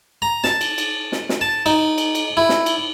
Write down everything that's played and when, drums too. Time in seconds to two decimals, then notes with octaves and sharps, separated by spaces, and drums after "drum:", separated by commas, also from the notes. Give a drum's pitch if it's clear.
0.22 A#5
0.44 A5, drum: snare
0.61 drum: cymbal
0.78 drum: cymbal
1.12 drum: snare
1.29 drum: snare
1.41 A5
1.66 D#4, drum: cymbal
1.98 drum: cymbal
2.15 drum: cymbal
2.37 E4
2.49 drum: snare
2.66 drum: cymbal